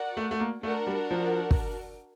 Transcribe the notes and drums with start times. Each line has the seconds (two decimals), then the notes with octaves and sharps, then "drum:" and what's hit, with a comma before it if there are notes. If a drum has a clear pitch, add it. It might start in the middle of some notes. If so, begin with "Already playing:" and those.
Already playing: F#4 A#4 D5 F#5
0.17 A3
0.31 A3
0.40 A#3
0.63 A3 D4 F#4 A#4
0.87 G3
1.11 F3
1.51 drum: kick